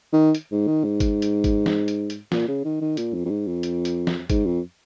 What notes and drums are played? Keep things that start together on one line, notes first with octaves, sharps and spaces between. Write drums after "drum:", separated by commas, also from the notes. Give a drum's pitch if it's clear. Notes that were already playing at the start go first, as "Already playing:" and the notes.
D#3
drum: hi-hat
G#2
D#3
G#2
drum: kick G#1, hi-hat
drum: hi-hat
drum: kick G#1, hi-hat
drum: snare
drum: hi-hat
drum: hi-hat
A#2, drum: snare
C#3
D#3
D#3
A#2, drum: hi-hat
F2
F2
G#2
F2
drum: hi-hat
drum: hi-hat
drum: snare
G#2, drum: kick G#1, hi-hat
F2